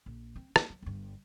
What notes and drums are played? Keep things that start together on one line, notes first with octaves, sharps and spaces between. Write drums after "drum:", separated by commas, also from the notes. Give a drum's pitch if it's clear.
A#1
C4
A#3, drum: rim click
F#3
G1 G2